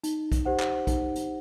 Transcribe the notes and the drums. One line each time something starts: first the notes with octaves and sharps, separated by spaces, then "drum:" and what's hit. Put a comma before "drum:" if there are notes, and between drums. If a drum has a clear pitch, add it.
D#4, drum: hi-hat
drum: kick B1, hi-hat
G4 C5 F#5
drum: clap
D#4, drum: kick B1, hi-hat
drum: hi-hat